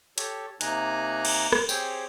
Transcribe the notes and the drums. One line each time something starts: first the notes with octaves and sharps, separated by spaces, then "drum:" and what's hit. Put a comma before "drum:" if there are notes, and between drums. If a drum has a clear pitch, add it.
G4 A4 C#5, drum: hi-hat
C3 A#3 D#4 G#5 A#5 F#6, drum: hi-hat
drum: cymbal
drum: rim click
C4 G4 G#4 C5 C#5 G5, drum: tambourine